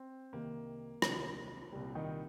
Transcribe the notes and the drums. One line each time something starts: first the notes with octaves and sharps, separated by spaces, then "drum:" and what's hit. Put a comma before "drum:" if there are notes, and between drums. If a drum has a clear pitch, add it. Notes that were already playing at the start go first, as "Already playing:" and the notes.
Already playing: C4
C2 C3 D#3 A#3
C2 C3 D#3, drum: rim click
C2 A#2 G3
D#3 D#4